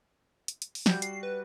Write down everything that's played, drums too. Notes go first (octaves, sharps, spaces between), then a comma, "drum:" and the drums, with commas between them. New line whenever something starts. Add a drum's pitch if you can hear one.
drum: hi-hat
drum: hi-hat
drum: open hi-hat
G3 F#4 G6, drum: snare
C7, drum: hi-hat
B4